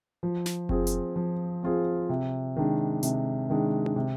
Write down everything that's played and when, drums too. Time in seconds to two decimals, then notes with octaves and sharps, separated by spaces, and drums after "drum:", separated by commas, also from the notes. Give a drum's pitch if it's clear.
0.23 F3
0.46 drum: snare
0.69 C4 F4 G#4, drum: kick F#1
0.87 drum: hi-hat
1.16 F3
1.63 C4 F4 G#4
2.09 C3
2.56 D#3 G#3 D4
3.03 C3, drum: hi-hat
3.50 D#3 G#3 D4
3.86 drum: tom D4
3.96 C3